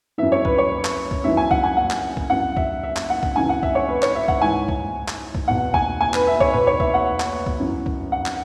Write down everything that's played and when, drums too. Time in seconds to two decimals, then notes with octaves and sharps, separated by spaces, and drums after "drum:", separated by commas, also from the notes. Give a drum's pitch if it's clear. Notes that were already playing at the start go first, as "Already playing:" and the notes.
0.18 F#2 E3 E5
0.32 C#5
0.45 B4, drum: kick C2
0.58 C#5
0.85 drum: clap
1.11 drum: kick C2
1.24 F#2 E3 E5
1.37 G#5
1.51 F#5, drum: kick C2
1.63 G#5
1.77 F#5
1.90 drum: clap
2.17 drum: kick C2
2.30 F#2 E3 F#5
2.57 E5, drum: kick C2
2.83 E5
2.96 drum: clap
3.10 F#5
3.23 drum: kick C2
3.36 F#2 C#3 E3 G#5
3.49 F#5
3.63 E5, drum: kick C2
3.75 C#5
3.88 B4
4.02 C#5, drum: clap
4.15 E5
4.28 F#5, drum: kick C2
4.42 G#2 E3 G#5
4.68 drum: kick C2
5.08 drum: clap
5.35 drum: kick C2
5.48 E2 B2 F#5
5.74 G#5, drum: kick C2
6.01 G#5
6.14 B4, drum: clap
6.27 E5
6.40 C#5, drum: kick C2
6.54 E2 B2 B4
6.67 C#5
6.80 E5, drum: kick C2
6.94 F#5
7.20 drum: clap
7.46 drum: kick C2
7.60 F#2 E3
7.86 drum: kick C2
8.12 F#5
8.26 drum: clap